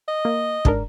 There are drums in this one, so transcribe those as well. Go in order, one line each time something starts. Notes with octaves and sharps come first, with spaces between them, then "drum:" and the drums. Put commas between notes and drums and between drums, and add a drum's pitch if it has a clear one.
D#5
A#3
G#2 D4 A#4, drum: kick